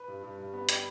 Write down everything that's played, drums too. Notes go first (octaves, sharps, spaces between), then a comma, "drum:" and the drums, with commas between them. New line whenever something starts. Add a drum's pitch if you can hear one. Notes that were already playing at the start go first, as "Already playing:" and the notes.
Already playing: B4
G2
G2
G2
B3
G3 G4, drum: hi-hat